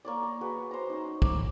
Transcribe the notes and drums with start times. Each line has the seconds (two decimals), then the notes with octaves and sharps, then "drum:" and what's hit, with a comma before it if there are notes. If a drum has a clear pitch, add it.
0.05 A#3 C#5 D5
0.23 A#5
0.41 F#4 G#4 B4
0.71 C5 A#5
0.90 C#4 D#4
1.22 D6, drum: kick